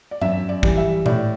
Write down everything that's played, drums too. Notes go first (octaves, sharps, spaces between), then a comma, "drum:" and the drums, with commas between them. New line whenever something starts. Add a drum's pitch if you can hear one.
D5
F#2 E5, drum: tom G2
D5
E3 G3, drum: kick
E5
A2 D5, drum: tom A#2